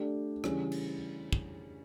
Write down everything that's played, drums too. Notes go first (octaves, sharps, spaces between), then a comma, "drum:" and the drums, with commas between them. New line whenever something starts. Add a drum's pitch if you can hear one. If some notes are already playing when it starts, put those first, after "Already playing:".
Already playing: A3 D4 G4
C#3 E3 G3 C#4, drum: rim click
drum: cymbal
drum: kick